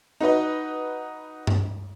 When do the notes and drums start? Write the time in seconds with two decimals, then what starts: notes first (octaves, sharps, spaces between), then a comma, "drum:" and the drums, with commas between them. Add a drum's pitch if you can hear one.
0.20 D#4 F#4 B4 D#5
1.47 drum: tom G2